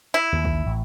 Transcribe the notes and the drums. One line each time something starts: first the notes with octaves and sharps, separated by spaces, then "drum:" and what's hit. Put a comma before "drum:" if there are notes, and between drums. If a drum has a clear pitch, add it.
E4
D#2
drum: kick
A1